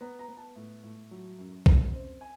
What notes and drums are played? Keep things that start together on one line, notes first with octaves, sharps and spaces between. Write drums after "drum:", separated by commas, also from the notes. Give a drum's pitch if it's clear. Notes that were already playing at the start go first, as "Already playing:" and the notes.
B3 A#5
A#5
B3
A5
A2
A2
F#3
F#2
B2, drum: kick B1
C4
G#5